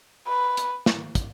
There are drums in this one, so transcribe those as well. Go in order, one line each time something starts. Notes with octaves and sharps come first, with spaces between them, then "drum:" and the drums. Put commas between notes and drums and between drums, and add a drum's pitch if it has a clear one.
B4
drum: hi-hat
drum: snare
drum: kick, hi-hat